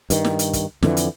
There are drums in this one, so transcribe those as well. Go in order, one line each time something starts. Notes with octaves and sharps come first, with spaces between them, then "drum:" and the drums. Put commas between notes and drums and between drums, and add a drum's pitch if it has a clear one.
G2 D#3, drum: hi-hat
drum: snare
drum: hi-hat
drum: kick, hi-hat
F2 D3 E3, drum: snare
drum: hi-hat